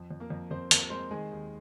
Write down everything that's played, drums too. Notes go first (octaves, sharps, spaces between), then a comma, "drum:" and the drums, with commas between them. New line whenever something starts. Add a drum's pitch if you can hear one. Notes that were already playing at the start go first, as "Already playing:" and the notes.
Already playing: F2
F2
A#3 A#4
F2
F2 C4 C5
F2 A#3 A#4, drum: hi-hat
A#4
G#3 C4 C5
D#3 G#3 G#4
D#2